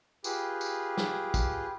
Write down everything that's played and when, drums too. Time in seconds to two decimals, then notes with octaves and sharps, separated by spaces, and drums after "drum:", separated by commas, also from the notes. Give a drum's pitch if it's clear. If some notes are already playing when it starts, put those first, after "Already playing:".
0.24 F4 G4 G#4 B4, drum: tambourine
0.61 drum: tambourine
0.97 drum: snare
1.34 drum: kick, tambourine